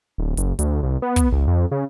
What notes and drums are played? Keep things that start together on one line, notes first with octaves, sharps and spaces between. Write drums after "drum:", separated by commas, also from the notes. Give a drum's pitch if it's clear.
D1
F#1, drum: hi-hat
D2, drum: hi-hat
C2
B3
drum: kick, hi-hat
C#2
F2
C#3